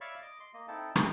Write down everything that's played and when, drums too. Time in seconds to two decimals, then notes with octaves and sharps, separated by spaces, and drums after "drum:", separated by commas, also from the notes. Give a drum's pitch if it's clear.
0.01 C#5 D5 E5 F5 B5 C#6
0.22 D#5 D6
0.40 C6
0.54 A#3 D#5
0.68 C4 D#4 E4 A4 A5
0.96 D#4 E4 F#4, drum: rim click